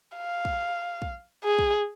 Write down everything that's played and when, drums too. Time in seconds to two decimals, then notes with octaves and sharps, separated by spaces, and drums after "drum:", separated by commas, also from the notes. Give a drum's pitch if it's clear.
0.17 F5
0.45 drum: kick
1.02 drum: kick
1.44 G#4
1.59 drum: kick